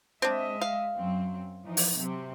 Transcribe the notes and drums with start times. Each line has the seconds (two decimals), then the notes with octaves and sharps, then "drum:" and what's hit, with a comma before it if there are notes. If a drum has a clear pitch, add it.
0.22 G#3 C4 D4 D#5 E5
0.61 F5
0.96 F#2 F#3 C4
1.63 E3 F3 D#4
1.77 drum: open hi-hat
1.96 C3 F#3 C4